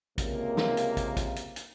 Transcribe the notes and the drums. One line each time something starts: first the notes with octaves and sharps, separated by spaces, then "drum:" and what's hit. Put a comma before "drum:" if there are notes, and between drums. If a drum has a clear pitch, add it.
C#2 C3 A#3, drum: kick, hi-hat
drum: snare
drum: hi-hat
drum: kick, hi-hat
drum: kick, hi-hat
drum: hi-hat
drum: hi-hat